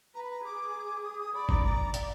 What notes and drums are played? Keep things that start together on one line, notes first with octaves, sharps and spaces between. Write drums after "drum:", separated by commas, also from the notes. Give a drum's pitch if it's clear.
B4 A#5
B5
A#5
G#4 D6
D#6
D#6
D5 B5
A#5, drum: kick G1
A#5
D5, drum: hi-hat